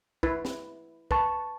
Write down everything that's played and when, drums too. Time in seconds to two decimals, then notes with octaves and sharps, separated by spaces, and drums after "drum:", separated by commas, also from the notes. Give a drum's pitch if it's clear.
0.23 E4 B4 E5, drum: kick
0.45 drum: snare
1.11 B4 A5 C#6, drum: kick